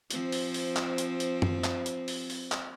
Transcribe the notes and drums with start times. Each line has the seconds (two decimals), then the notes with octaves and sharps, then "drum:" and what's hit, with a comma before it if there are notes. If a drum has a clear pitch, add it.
0.11 F3 C4, drum: hi-hat
0.32 drum: open hi-hat
0.54 drum: open hi-hat
0.76 drum: clap
0.98 drum: hi-hat
1.20 drum: hi-hat
1.42 drum: tom F#2
1.64 drum: clap
1.86 drum: hi-hat
2.08 drum: open hi-hat
2.30 drum: open hi-hat
2.52 drum: clap